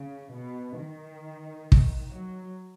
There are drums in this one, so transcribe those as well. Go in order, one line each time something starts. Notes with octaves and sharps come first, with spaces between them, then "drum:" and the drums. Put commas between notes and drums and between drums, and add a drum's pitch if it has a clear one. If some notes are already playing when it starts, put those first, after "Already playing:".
Already playing: C#3
B2
D#3
drum: kick
F#3